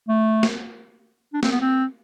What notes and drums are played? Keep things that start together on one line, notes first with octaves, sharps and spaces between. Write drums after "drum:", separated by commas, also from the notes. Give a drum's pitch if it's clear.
A3
drum: snare
D4
C4, drum: snare
B3
C4